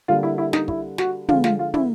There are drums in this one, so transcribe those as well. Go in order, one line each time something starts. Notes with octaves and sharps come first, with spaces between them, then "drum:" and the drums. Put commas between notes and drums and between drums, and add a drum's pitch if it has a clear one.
D3 G3 A#3 F4
E4
E4
D#4, drum: snare
E4, drum: kick
F#4, drum: snare
D3 F3 G#3 F4, drum: tom
F4, drum: snare
F4
E4, drum: tom